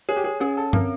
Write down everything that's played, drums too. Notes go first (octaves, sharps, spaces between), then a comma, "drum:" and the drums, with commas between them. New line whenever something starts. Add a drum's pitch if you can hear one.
G#4 C#5
G4
G#4
C#4 G#4
A4
C4 A#4, drum: tom